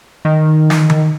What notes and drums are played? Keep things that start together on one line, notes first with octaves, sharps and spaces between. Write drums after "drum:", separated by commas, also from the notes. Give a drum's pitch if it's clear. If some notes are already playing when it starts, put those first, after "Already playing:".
D#3
drum: snare
drum: tom D#3